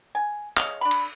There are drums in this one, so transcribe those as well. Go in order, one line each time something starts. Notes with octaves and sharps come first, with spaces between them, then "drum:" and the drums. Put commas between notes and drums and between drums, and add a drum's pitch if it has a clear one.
G#5
G#4 C#5 D#5 F5, drum: clap
D4 B5
drum: cymbal